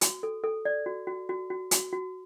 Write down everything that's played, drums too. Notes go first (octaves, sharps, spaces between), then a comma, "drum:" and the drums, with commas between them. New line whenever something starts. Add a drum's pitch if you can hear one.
F#4, drum: hi-hat
A4
A4
D5
F#4
F#4
F#4
F#4
F#4, drum: hi-hat
F#4